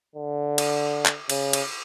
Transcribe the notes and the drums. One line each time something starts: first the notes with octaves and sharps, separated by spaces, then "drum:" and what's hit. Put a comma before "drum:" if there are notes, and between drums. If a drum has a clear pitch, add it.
D3
drum: cymbal
drum: clap
C#3, drum: cymbal
drum: cymbal